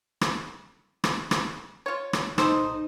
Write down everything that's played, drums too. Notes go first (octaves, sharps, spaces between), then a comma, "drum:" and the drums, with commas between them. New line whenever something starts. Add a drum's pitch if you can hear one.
drum: rim click
drum: rim click
drum: rim click
F4 C#5
drum: rim click
D#4 A4 C5, drum: rim click